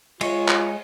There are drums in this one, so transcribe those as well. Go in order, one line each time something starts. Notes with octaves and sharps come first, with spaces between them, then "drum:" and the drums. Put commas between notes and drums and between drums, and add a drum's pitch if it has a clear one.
G#3 F4 C#5, drum: cymbal
drum: clap